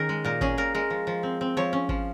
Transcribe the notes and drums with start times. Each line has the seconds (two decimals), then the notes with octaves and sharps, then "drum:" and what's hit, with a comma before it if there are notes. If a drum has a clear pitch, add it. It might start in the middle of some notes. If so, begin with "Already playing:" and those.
Already playing: D#3 C#4 G#4 A#4
0.09 G#3
0.24 A#2 A#4
0.41 C#4 G#4, drum: kick G#1
0.58 A#2 A#4
0.75 G#3 A#4
0.90 F3
1.07 F3
1.23 C4
1.41 C4
1.57 F3 C#5
1.73 C#4
1.89 F3, drum: kick G#1